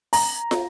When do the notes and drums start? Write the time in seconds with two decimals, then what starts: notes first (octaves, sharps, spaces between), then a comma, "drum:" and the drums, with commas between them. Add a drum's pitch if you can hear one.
0.13 A#5, drum: open hi-hat
0.51 drum: snare